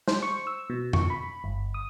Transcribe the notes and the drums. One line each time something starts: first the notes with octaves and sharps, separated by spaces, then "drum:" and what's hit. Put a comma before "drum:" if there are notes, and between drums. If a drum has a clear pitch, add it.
C5, drum: snare
C#6
E6
B2
C#6, drum: tom F2
B5
G1
D#6